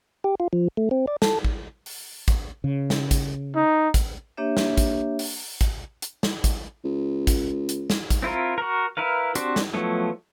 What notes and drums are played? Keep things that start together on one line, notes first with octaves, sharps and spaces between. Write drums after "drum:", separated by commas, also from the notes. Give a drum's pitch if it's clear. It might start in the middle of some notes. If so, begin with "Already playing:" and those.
G4
F4
F3
A3
C4
D5
A4, drum: snare
drum: kick A1
drum: open hi-hat
drum: kick A1, hi-hat
C#3
drum: snare
drum: kick A1, hi-hat
D#4
drum: kick A1, hi-hat
A#3 D4 G4 C#5 E5
drum: snare
drum: kick A1, hi-hat
drum: open hi-hat
drum: kick A1, hi-hat
drum: hi-hat
drum: snare
drum: kick A1, hi-hat
C#2
drum: kick A1, hi-hat
drum: hi-hat
drum: snare
drum: kick A1, hi-hat
C4 E4 F4 A#4
F#4 A#4
E4 A#4 B4 F5
C4 D4 F#4 G4 C5, drum: hi-hat
drum: snare
F3 F#3 A3 B3 E4